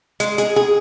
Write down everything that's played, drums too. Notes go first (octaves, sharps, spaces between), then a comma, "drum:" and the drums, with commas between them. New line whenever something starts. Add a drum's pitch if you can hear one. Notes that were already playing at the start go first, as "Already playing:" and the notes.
G#3, drum: hi-hat
G#4, drum: hi-hat
G#4